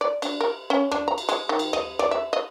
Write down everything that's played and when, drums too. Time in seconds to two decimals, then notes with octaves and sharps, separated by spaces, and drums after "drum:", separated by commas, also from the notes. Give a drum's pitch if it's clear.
0.01 D5
0.22 D4, drum: cymbal
0.41 A#4
0.70 C#4
0.91 D4, drum: rim click
1.08 A#5
1.18 drum: cymbal
1.29 G#3, drum: cymbal
1.49 D#3
1.59 drum: cymbal
1.73 D#5, drum: rim click
1.99 D5, drum: rim click
2.11 E5
2.33 D#5